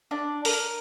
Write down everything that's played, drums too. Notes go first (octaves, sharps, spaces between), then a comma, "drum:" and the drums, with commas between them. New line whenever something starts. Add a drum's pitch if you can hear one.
D4
A#4, drum: open hi-hat